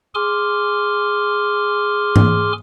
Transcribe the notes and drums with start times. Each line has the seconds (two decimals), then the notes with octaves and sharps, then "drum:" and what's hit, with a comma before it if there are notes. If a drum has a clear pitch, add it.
0.15 G#4 G#5 C6 D6 F6
2.16 drum: tom